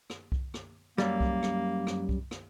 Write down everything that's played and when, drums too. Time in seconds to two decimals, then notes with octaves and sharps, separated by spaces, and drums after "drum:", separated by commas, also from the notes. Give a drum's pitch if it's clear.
0.10 drum: rim click
0.32 drum: kick C2
0.54 drum: rim click
0.98 F#2 G3 A#3, drum: rim click
1.20 drum: kick C2
1.43 drum: rim click
1.87 drum: rim click
2.09 drum: kick C2
2.31 drum: rim click